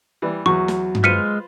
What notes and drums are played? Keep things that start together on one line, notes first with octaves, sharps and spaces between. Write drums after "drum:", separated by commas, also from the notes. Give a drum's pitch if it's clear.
E3 G3
E2 F#3 C#6
drum: snare
drum: tom G2
G#3 F4 B4 C5 F6 B6 C#7 D#7